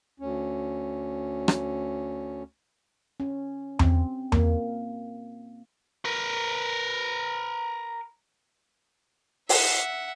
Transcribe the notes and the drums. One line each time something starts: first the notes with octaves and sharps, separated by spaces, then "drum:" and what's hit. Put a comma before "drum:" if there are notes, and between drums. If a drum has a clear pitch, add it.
D2 C#4
drum: rim click
C#4
C4, drum: tom E2
A#3, drum: tom E2
A#4 B4
E5 F#5, drum: open hi-hat